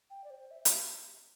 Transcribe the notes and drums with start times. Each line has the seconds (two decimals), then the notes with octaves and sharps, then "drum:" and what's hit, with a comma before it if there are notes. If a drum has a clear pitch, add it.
0.10 G5
0.24 D5
0.30 C5
0.40 C5
0.51 E5
0.65 drum: hi-hat